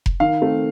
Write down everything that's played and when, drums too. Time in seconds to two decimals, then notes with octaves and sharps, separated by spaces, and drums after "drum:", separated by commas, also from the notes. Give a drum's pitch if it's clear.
0.06 drum: kick F1
0.20 D#3 F5
0.42 A3 C4